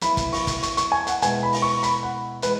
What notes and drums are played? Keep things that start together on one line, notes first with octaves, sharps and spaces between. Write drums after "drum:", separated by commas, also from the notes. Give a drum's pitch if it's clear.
F#3 B3 E4 B5, drum: hi-hat
drum: kick, hi-hat
C#6, drum: open hi-hat
drum: kick, hi-hat
C#6, drum: hi-hat
C#6, drum: hi-hat
G#5
F#5, drum: hi-hat
B2 G#3 B3 E4 G#5, drum: hi-hat
B5
drum: open hi-hat
C#6
B5, drum: hi-hat
F#5
E3 G#3 B4, drum: hi-hat